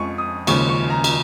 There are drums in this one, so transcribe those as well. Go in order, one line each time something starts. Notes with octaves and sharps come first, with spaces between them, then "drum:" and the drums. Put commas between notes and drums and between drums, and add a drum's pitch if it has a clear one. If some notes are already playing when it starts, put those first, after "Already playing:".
Already playing: F2 F3 G#3 C#6
D#6
D#2 C#3 F3 G#3 C#6, drum: cymbal
C#6
A#5
drum: cymbal